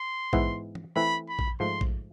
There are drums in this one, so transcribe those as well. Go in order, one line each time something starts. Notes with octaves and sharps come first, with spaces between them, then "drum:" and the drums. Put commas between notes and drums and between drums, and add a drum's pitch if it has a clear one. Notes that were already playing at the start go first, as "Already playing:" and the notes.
Already playing: C6
G#2 E3 B3 E4 B4, drum: kick A#1
drum: tom E3
E3 A3 C4 E4 B4 B5
B5
drum: kick A#1
G#2 F3 A3 C6
drum: kick A#1